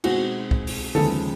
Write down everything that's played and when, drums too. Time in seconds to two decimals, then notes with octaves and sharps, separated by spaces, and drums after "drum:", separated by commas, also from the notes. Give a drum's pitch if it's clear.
0.04 B2 G#3 C4 D#4 F#4, drum: cymbal
0.51 drum: kick
0.67 drum: open hi-hat
0.95 D#2 C#3 F3 G#3 B3 A4, drum: tom D3